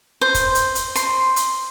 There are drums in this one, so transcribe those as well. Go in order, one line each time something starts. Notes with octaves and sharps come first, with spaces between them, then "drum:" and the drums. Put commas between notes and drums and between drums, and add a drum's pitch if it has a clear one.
C5
drum: kick, hi-hat
drum: hi-hat
drum: hi-hat
C6, drum: hi-hat
drum: hi-hat